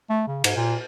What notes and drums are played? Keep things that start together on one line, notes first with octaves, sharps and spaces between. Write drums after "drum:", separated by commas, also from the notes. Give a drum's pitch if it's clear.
A3
C#3
G#2, drum: cymbal
A#2